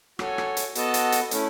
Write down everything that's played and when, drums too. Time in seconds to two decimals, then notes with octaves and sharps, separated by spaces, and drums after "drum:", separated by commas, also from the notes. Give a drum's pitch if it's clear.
0.19 F#4 A4 C#5 G#5, drum: rim click
0.38 drum: rim click
0.57 drum: hi-hat
0.75 B3 F#4 A4 D#5 A5, drum: hi-hat
0.94 drum: hi-hat
1.12 drum: hi-hat
1.31 A3 C#4 E4, drum: hi-hat